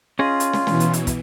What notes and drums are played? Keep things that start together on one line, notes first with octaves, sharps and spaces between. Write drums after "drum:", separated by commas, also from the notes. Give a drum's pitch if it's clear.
C#4 F4 G#4 D#5
drum: hi-hat
drum: snare
B2 E3, drum: snare
drum: hi-hat
drum: hi-hat
drum: kick, hi-hat